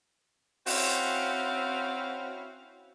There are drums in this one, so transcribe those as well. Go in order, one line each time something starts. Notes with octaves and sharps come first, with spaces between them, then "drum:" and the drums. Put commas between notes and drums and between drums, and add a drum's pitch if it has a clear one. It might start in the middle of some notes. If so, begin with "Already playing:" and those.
C4 C#4 E4 F#4 F5, drum: open hi-hat